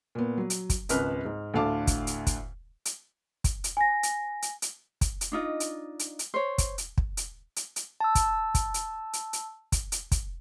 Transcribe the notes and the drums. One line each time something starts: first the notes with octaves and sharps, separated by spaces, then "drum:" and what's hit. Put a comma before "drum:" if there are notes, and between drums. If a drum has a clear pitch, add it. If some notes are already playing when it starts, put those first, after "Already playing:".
A#2 B3
F#3
drum: hi-hat
drum: kick, hi-hat
G#1 C#2 B4 F6, drum: hi-hat
G#2
D2 A2 D3 F5 A5 D6
drum: kick, hi-hat
drum: hi-hat
drum: kick, hi-hat
drum: hi-hat
drum: kick, hi-hat
drum: hi-hat
G#5 A#6
drum: hi-hat
drum: hi-hat
drum: hi-hat
drum: kick, hi-hat
drum: hi-hat
D4 D#4 F4 D#5
drum: hi-hat
drum: hi-hat
drum: hi-hat
C5 C#5
drum: kick, hi-hat
drum: hi-hat
drum: kick
drum: hi-hat
drum: hi-hat
drum: hi-hat
A5 E6
drum: kick, hi-hat
drum: kick, hi-hat
drum: hi-hat
drum: hi-hat
drum: hi-hat
drum: kick, hi-hat
drum: hi-hat
drum: kick, hi-hat